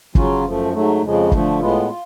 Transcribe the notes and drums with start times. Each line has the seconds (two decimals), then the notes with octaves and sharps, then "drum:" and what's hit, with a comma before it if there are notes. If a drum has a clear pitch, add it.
0.15 C#3 F#3 C#4 F4, drum: kick
0.44 F#2 F3 A3
0.73 G#2 F#3 A3
1.02 F2 C#3 F3 G#3
1.32 D3 F3 A3, drum: kick
1.59 A2 G#3 B3 F4
1.89 F4